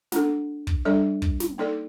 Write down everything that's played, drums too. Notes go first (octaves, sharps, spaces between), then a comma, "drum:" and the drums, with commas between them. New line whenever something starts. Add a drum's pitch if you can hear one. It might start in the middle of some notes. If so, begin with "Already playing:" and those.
A3 D4 A4, drum: snare
drum: kick
G3 D4 A4 D5
drum: kick
drum: snare
A#3 D#4 A4 D5